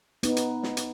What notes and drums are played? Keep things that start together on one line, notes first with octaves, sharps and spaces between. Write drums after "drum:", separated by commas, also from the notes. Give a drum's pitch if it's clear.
B3 D#4, drum: hi-hat
drum: hi-hat
drum: snare
drum: hi-hat